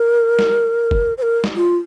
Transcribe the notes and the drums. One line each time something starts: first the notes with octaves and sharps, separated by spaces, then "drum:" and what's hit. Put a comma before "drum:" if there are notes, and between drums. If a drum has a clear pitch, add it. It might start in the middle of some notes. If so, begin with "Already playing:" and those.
Already playing: A#4
drum: snare
drum: kick
C5
A#4
drum: snare
F4